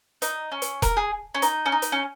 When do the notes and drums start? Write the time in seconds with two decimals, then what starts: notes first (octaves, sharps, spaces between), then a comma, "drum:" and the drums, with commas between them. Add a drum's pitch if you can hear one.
0.22 D#4, drum: hi-hat
0.52 C#4
0.62 drum: hi-hat
0.82 A#4, drum: kick E1, hi-hat
0.97 G#4
1.35 C#4
1.42 D#4, drum: hi-hat
1.66 C#4
1.72 D#4
1.82 drum: hi-hat
1.92 C#4